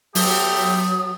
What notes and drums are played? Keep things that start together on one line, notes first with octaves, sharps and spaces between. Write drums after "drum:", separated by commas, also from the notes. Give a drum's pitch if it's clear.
F#3 A3 B3 G4 D#6, drum: open hi-hat